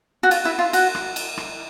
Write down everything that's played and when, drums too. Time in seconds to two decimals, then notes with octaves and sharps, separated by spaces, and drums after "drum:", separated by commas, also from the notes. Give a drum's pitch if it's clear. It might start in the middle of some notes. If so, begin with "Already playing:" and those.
0.23 F#4
0.31 F4, drum: cymbal
0.45 E4
0.59 F4
0.73 F#4, drum: cymbal
0.95 drum: rim click
1.16 drum: cymbal
1.37 drum: rim click